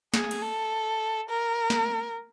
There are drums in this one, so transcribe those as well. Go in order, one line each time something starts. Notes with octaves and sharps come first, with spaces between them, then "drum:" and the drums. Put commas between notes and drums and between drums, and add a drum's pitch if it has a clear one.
G#4, drum: snare
drum: cymbal
A4
A#4
drum: snare